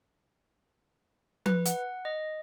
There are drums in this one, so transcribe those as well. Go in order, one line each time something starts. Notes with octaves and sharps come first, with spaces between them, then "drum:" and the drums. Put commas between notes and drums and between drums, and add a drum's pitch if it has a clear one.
B4, drum: tom F3
F#5, drum: hi-hat
D#5